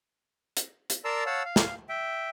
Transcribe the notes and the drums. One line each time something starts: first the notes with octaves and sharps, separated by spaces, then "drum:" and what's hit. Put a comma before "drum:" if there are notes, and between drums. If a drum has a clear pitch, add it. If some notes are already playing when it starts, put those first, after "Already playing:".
drum: hi-hat
drum: hi-hat
A#4 D5 A5 A#5 C6 E6
C#5 F5 F#5 A5 E6
F5
drum: snare
E5 G5